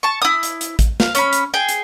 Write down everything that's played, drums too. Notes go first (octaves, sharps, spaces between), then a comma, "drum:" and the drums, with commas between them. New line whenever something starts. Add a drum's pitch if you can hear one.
A5 C#6
E4 D#6
drum: hi-hat
drum: hi-hat
drum: kick, hi-hat
F5, drum: snare
C#4 B5, drum: hi-hat
drum: hi-hat
G#4 G5
drum: hi-hat